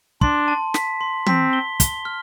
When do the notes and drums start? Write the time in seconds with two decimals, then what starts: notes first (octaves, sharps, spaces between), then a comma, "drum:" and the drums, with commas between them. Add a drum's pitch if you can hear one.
0.21 D4 C6, drum: kick
0.48 A5
0.74 B6, drum: snare
1.01 C6
1.26 C4 B6, drum: tom E3
1.53 G7
1.80 G7, drum: kick, hi-hat
2.05 F6